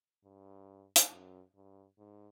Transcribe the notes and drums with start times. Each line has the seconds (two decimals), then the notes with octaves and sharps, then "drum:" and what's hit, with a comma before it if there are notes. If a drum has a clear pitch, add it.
0.24 G2
0.96 drum: hi-hat
1.11 F#2
1.55 G2
1.99 G#2